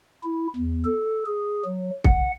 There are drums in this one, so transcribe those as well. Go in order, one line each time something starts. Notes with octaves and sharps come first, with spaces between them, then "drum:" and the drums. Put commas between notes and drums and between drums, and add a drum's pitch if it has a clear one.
E4
E2
A4
G#4
F#3
F#5, drum: kick